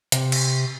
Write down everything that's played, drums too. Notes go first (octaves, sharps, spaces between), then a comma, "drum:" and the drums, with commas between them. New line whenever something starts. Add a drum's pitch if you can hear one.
C3, drum: hi-hat
drum: cymbal